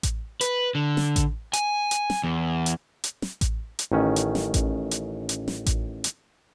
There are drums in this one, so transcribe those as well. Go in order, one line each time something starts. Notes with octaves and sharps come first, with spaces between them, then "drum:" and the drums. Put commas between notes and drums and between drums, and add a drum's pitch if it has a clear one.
drum: kick A1, hi-hat
B4, drum: hi-hat
D3
drum: snare
drum: kick A1, hi-hat
G#5, drum: hi-hat
drum: hi-hat
drum: snare
E2
drum: hi-hat
drum: hi-hat
drum: snare
drum: kick A1, hi-hat
drum: hi-hat
A1 D#3 C#4
drum: hi-hat
drum: snare
drum: kick A1, hi-hat
drum: hi-hat
drum: hi-hat
drum: snare
drum: kick A1, hi-hat
drum: hi-hat